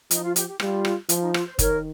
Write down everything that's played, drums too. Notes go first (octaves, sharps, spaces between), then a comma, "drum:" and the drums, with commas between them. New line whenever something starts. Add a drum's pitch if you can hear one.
F3 D#4, drum: hi-hat
F4
G4, drum: hi-hat
G4
G3 F4, drum: rim click
drum: rim click
F3 F4, drum: hi-hat
D#4
F4, drum: rim click
C5
D#3 A#4 C#5, drum: kick, hi-hat